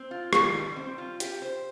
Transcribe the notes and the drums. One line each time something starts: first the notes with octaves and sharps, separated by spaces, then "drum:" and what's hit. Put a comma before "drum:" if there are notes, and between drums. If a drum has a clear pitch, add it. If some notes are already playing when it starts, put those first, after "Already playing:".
Already playing: C4
F4
D#3, drum: rim click
G3
C4
F4
G4, drum: hi-hat
C5